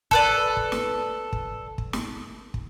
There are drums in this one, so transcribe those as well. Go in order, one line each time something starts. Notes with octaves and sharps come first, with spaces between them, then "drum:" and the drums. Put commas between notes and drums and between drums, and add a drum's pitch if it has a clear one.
A4 B4 D5, drum: kick
drum: kick
drum: snare
drum: kick
drum: kick
drum: snare
drum: kick